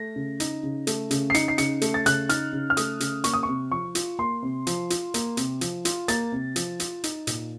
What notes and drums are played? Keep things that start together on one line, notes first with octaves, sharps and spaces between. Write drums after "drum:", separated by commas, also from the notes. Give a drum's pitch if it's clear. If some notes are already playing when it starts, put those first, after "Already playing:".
Already playing: A3 A#6
C#3
D#4, drum: hi-hat
C#3
A3, drum: hi-hat
C#3, drum: hi-hat
C7
D#4 C#7, drum: hi-hat
C7
C#3 C#7, drum: hi-hat
A3, drum: hi-hat
A6
C#3 F#6, drum: hi-hat
D#4 F6, drum: hi-hat
C#3
F6
A3 D#6, drum: hi-hat
C#3, drum: hi-hat
A#3 C#6, drum: hi-hat
D#6
C3 C#6
F3 C#6
F4, drum: hi-hat
A#3 C6
C3
F3, drum: hi-hat
F4, drum: hi-hat
A#3, drum: hi-hat
C3, drum: hi-hat
F3, drum: hi-hat
F4, drum: hi-hat
A#3 A6, drum: hi-hat
C3
F3, drum: hi-hat
F4, drum: hi-hat
D#4, drum: hi-hat
A#2, drum: hi-hat